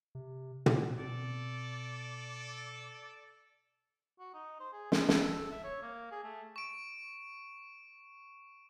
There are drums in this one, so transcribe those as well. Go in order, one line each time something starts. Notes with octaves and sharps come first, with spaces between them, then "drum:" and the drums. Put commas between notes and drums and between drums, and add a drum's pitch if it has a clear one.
C3
drum: tom
B2 C4 A4 D5
F#4
D#4
C5
G#4
F3, drum: snare
A3, drum: snare
A4
E5
C#5
A#3
G#4
A3
C#6 D7